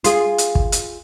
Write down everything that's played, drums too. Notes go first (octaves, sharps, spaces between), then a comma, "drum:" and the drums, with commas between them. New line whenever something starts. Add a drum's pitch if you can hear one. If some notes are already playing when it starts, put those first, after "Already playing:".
F4 G#4, drum: hi-hat
drum: hi-hat
drum: kick
drum: hi-hat